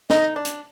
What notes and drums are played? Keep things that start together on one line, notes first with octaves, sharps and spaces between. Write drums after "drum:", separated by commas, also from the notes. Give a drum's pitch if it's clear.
D#4 D#5, drum: snare
D4
drum: hi-hat